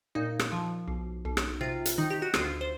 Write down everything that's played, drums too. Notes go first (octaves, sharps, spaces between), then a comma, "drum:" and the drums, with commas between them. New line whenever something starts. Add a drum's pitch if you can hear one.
A#2 D#4
drum: rim click
F3
B1
B1
drum: rim click
C3 F4
drum: hi-hat
D#3 D#4
G4
F#4
D2 F4, drum: rim click
C5